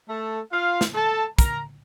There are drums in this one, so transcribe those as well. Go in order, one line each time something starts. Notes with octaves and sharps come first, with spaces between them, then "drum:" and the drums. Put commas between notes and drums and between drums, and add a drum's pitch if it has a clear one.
A3 A4
F4 F5
drum: snare
A4 A5
A#4 A#5, drum: kick, hi-hat